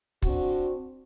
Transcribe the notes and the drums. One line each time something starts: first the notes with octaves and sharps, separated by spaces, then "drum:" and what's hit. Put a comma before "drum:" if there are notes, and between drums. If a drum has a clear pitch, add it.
C4 D4 F#4, drum: kick